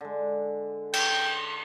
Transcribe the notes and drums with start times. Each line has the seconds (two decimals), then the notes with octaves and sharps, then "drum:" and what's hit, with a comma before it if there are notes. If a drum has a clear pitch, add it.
0.01 D3 G#3
0.93 G5, drum: cymbal